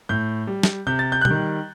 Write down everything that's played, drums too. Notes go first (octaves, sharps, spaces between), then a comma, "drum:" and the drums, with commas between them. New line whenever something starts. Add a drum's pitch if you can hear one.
A2 G6
G3
drum: snare
C3 G6
A6
G6
F#6
G3 G6, drum: tom B2
D#3